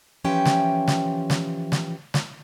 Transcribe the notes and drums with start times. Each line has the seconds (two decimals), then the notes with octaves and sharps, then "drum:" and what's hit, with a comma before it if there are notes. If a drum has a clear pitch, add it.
0.24 E3 F3 C#4 G4 E5 G5
0.45 drum: snare
0.88 drum: snare
1.30 drum: snare
1.72 drum: snare
2.14 drum: snare